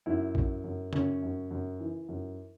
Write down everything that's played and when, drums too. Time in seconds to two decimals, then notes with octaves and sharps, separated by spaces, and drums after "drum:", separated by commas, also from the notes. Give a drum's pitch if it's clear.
0.06 F#2 E4
0.35 F#2, drum: kick A#1
0.64 F#2
0.93 F#2 C#4, drum: tom C#3
1.22 F#2
1.51 F#2
1.80 E3
2.09 F#2